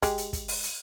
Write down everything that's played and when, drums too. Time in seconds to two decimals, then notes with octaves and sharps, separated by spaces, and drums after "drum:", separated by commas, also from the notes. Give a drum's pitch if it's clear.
0.02 G#3 G4, drum: kick, hi-hat
0.18 drum: hi-hat
0.33 drum: kick, hi-hat
0.48 drum: open hi-hat
0.63 drum: hi-hat